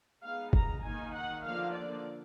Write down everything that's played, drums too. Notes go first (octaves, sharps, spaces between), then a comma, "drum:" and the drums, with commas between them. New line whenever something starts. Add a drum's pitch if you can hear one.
G#3 B3 D#4 F5
A#5, drum: kick
D#3 A#3 D#4 G#5
F#5
D3 F3 A#3 D4 F5
D5